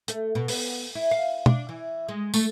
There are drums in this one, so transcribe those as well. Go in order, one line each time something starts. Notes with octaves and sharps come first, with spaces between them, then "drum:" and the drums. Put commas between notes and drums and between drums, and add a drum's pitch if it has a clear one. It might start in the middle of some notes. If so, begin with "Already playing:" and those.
A3, drum: hi-hat
B2
B3, drum: open hi-hat
E4
F5
D4, drum: tom
E3
G#3
A3, drum: tambourine